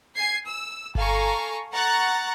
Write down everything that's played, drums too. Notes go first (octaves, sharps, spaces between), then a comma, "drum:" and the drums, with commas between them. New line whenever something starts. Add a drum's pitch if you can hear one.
G#5 G#6 C7
E6
A4 F5 G#5 A#5 C#6, drum: kick G1
F#5 A#5 C#6 F#6 A6